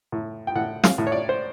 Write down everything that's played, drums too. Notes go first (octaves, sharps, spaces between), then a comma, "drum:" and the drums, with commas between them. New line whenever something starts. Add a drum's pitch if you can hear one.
A2
G5
A2 F#5
F5, drum: snare
A2
C#5
D5
C5